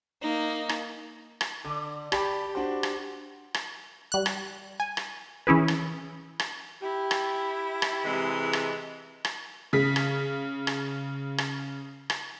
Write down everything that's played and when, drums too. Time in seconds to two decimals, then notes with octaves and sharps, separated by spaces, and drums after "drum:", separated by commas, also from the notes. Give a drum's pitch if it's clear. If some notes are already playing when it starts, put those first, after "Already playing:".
0.22 A#3 D#4
0.69 drum: rim click
1.41 drum: rim click
1.65 D3 D6
2.12 G4 D5 A5 B5, drum: rim click
2.55 D4 F#4 C5
2.83 drum: rim click
3.54 drum: rim click
4.12 G3 F#6
4.26 drum: rim click
4.80 G#5
4.97 drum: rim click
5.47 E3 C#4 E4 G#4 B4
5.68 drum: rim click
6.39 drum: rim click
6.82 E4 G4
7.11 drum: rim click
7.82 drum: rim click
8.05 C3 E3 G#3
8.53 drum: rim click
9.25 drum: rim click
9.73 C#3 B6
9.96 drum: rim click
10.67 drum: rim click
11.38 drum: rim click
12.10 drum: rim click